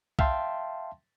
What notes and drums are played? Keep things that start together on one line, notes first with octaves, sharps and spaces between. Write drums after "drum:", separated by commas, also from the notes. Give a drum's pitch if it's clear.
E5 F5 G5 A5 C6, drum: kick C2